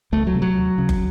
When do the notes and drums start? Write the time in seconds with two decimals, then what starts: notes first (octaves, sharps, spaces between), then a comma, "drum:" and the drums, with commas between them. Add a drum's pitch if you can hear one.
0.12 C#2 A3
0.27 F#3
0.34 C3
0.42 F#3
0.56 D#2
0.78 C#3
0.89 drum: kick